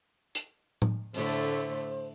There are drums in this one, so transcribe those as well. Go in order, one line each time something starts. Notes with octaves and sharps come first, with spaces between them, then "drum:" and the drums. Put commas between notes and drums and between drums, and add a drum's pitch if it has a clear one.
drum: hi-hat
drum: tom A2
A2 D3 A3 C5, drum: open hi-hat